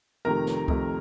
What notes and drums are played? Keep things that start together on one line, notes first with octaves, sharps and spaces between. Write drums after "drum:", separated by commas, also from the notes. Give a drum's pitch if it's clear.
F2 C3 D#3 A3 A#4 A#5
drum: snare
F2 C3 D#3 A3, drum: kick C2